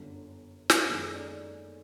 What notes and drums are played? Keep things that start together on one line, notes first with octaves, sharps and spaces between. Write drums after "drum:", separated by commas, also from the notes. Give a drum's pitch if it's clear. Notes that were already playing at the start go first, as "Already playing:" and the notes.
Already playing: G1 F#2 D3
drum: snare
F#2 D#3 G#3 G#4
A4
D5
D5